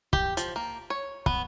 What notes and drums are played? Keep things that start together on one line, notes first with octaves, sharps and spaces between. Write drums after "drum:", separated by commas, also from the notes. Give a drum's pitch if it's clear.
G4, drum: kick
F3, drum: hi-hat
A#3
C#5
B3, drum: kick